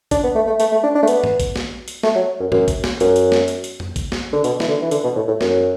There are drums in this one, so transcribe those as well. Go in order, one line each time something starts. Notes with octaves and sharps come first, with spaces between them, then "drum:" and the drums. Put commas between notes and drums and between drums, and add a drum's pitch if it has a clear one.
D4, drum: kick, hi-hat
B3
A3
A3
A3, drum: hi-hat
A3
D4
D4
A3
B3, drum: hi-hat
drum: tom
drum: kick, hi-hat
drum: snare
drum: hi-hat
A3, drum: snare
F#3
F#2
F#2, drum: tom
drum: kick, hi-hat
drum: snare
F#2, drum: hi-hat
drum: hi-hat
drum: snare
drum: hi-hat
drum: hi-hat
drum: tom F2
drum: kick, hi-hat
drum: snare
D3
B2, drum: hi-hat
E3, drum: snare
D3
E3
D3, drum: hi-hat
B2
A2
A2
F#2, drum: snare